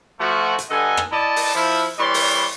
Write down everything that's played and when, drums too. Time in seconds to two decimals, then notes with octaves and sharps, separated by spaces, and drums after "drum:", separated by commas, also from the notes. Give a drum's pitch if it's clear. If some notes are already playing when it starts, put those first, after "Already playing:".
0.20 F3 A3 F#4
0.59 drum: hi-hat
0.70 G2 D3 A4 D#5 F#5 G#5
0.97 drum: rim click
1.12 E4 D5 D#5 A5
1.36 drum: open hi-hat
1.55 F3 E4
1.99 E3 G3 C#5 D5 B5 C6
2.14 drum: open hi-hat